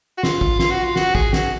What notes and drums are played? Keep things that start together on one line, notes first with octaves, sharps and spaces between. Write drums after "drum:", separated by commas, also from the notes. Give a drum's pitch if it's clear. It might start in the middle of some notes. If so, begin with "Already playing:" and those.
F#4
F4, drum: snare
drum: kick
F4, drum: snare
F#4
F4
F#4, drum: snare
G#4, drum: kick
F#4, drum: snare